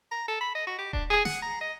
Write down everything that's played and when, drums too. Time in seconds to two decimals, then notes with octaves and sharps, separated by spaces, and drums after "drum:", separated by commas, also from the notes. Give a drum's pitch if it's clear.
0.12 A#5
0.28 A4
0.41 B5
0.55 D#5
0.67 F#4
0.79 G4
0.93 D4, drum: kick D#1
1.10 G#4
1.25 F#5, drum: snare
1.42 A#5
1.61 D#5